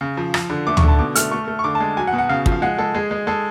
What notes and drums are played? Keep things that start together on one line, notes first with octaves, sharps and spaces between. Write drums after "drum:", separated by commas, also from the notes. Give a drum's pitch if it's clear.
C#3
F3
F3, drum: rim click
D3
A3 D6
C#6, drum: tom
D3
A5
B2 D6
A3 F6, drum: hi-hat
A3 C#6
A3
C#6
D3 D6
A5
G#3
F#3 G#5
F#5
B2
F#5
C#3 F5
F3, drum: kick
F5
G#3 F#5
G#3 A4
G#3 G#4
G#3
G#3 A4